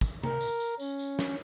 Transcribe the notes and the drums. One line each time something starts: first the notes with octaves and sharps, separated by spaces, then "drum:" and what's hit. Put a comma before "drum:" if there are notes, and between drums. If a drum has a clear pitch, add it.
drum: kick, tambourine
A#4, drum: tom C3
drum: tambourine
drum: tambourine
C#4, drum: tambourine
drum: tambourine
drum: snare